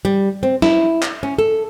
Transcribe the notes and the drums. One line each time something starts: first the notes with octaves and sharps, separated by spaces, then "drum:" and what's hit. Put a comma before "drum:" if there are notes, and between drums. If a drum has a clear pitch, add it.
G3
C4
E4, drum: snare
drum: clap
C#4
A4